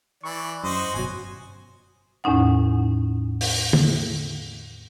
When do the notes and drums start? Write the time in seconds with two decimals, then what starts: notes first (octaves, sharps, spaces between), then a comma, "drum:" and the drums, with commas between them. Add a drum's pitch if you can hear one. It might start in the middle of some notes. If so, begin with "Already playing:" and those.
0.24 E3 D5 C#6
0.64 F#2 F#4 C5 D#5
0.94 G1 B2 F#3 G#5
2.24 E2 A2 C#4 D#4 F#5
3.41 drum: open hi-hat
3.73 drum: tom D3